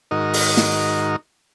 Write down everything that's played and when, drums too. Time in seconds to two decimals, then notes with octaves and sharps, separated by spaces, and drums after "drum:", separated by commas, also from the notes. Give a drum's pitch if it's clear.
0.11 G#2 D#3 D#4 F#4 A#4 D#5
0.33 drum: open hi-hat
0.57 drum: snare